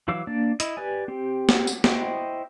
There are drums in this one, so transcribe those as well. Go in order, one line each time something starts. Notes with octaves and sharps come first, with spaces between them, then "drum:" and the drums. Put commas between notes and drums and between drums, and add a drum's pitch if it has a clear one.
E3 F#3 F5 D6 E6
A#3 D4 D5
E4 D#5, drum: hi-hat
G4 B4 D5 G#5
C4 G4
drum: snare
drum: tambourine
E4 C5 D#5 G5 C#6, drum: snare